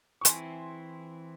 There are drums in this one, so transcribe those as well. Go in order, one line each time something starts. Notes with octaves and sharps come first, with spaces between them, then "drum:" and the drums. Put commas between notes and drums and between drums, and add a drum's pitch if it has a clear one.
C#6
E3 C4 E4 G#5 C6, drum: hi-hat